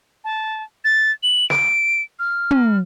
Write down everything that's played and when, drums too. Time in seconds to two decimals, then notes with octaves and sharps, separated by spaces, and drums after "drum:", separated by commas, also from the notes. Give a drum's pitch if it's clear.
0.24 A5
0.85 A6
1.23 F#7
1.50 D7, drum: snare
2.19 F6
2.51 drum: tom